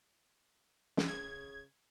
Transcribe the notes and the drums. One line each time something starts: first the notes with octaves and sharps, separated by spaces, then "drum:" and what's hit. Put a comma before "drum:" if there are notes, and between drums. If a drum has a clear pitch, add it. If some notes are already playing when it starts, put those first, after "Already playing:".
drum: snare
C#3 G#6